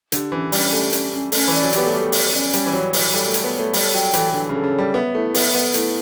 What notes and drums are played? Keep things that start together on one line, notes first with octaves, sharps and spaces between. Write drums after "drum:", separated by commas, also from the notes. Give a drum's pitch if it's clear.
D3 G4, drum: hi-hat
E3 C#4
G3 C#4, drum: open hi-hat
A3 G4
C#4, drum: hi-hat
C#4
A3 C#4, drum: open hi-hat
E3 D5
F#3
G4, drum: hi-hat
B3
A3
G3 G4
A3
D5, drum: open hi-hat
C#4
G3 C#5, drum: hi-hat
E3
F#3 C#5
E3 C#5, drum: open hi-hat
G3 A4
A3
C#5, drum: hi-hat
B3
C#5
A3
G3 A4, drum: open hi-hat
F#3 G5
E3 A4, drum: hi-hat
D3 A4
C#3 A4
C#3
G3 C#5
B3 E5
A3 E4
B3 E5, drum: open hi-hat
B3 A4
A3 E4, drum: hi-hat